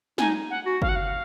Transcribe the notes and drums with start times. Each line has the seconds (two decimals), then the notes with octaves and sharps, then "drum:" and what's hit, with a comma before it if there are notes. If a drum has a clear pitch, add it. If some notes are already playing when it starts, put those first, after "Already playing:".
0.18 D#4 G#5, drum: snare
0.50 F#5
0.66 F#4
0.82 F5, drum: kick
0.89 F#5
0.96 F5